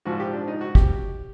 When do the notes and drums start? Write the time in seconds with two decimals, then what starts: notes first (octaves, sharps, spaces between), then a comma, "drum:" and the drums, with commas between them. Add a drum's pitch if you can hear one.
0.05 A#1 G#2 F3 F#4
0.20 G4
0.33 D4
0.48 D#4
0.61 F#4
0.75 G4, drum: kick